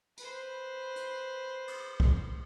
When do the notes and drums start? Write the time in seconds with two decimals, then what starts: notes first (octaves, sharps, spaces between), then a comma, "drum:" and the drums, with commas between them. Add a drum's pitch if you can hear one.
0.18 B4 C5, drum: tambourine
0.96 drum: hi-hat
1.68 drum: cymbal
2.00 drum: kick